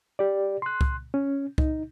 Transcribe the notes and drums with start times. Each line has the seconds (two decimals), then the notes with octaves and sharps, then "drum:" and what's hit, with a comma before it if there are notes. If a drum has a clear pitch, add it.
0.19 G4 D5
0.62 C6 F#6
0.81 drum: kick
1.14 C#4
1.58 D#4, drum: kick